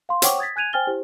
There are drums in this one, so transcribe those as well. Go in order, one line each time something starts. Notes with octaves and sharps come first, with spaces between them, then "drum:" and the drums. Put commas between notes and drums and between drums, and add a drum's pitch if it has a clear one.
F5 C6
C5 C#5 F#5 G5 C#6 D6, drum: hi-hat
D#6 G#6 A6 B6
G#5 F#6 G#6 D#7 F7
C5 G5 G#5 F6 A6 G7
E4 G4 C5